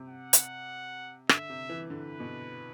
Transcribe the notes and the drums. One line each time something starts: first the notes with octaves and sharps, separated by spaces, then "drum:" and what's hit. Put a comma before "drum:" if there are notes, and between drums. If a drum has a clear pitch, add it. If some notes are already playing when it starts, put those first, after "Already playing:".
Already playing: C3
F#5
drum: hi-hat
D3 E5, drum: rim click
C3
E3
D3 B4
B2